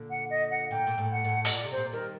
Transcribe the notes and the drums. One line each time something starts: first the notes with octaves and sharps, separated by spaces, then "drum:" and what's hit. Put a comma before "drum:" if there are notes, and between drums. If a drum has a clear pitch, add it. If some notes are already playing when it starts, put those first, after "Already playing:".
Already playing: A#2 D3
F#5
D#5
F#5
A#2 G5
A#2
A2
F#5
A2
D#5, drum: hi-hat
A#2 D5
C3
A#2 C5
D#3 G3 A#4